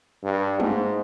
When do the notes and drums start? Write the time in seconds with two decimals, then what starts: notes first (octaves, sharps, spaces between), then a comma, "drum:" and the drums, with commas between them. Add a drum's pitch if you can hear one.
0.24 G2
0.60 G#2, drum: tom